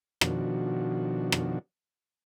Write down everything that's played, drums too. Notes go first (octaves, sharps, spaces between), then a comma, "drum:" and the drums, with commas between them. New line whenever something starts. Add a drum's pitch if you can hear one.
B2 D#3 F3 D4 F#4, drum: rim click
drum: rim click